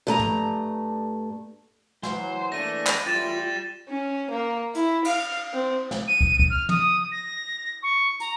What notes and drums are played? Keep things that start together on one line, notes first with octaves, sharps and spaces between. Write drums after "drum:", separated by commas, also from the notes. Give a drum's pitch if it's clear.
G2 A3 A#5
drum: tom
E3 F#3 C5, drum: snare
E3 A3 A#3 D4 A#6 D#7
drum: clap
F#2 E3 A3 F4 G4 D5 A6 E7
C#4
A#3
E4, drum: hi-hat
F5, drum: cymbal
C4
drum: snare
D#7
drum: kick
drum: kick
F6
D#6, drum: tom
A#6
C#6
A#5, drum: hi-hat